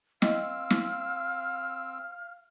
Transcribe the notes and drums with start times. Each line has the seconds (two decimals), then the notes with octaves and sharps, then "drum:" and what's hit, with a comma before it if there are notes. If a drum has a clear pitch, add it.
0.22 C4 D#5 F5 G5 E6 F6, drum: snare
0.70 drum: snare